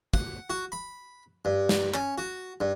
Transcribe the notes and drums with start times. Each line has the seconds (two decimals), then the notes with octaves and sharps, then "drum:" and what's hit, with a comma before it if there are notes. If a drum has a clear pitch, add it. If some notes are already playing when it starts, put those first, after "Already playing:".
0.14 F#5, drum: kick
0.50 F#4
0.72 B5
1.45 G2
1.69 drum: snare
1.94 C#4, drum: clap
2.18 F#4
2.60 G2